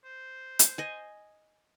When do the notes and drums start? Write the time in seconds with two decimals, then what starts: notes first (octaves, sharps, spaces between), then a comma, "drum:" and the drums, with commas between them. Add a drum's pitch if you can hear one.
0.04 C5
0.59 drum: hi-hat
0.78 D#5 G#5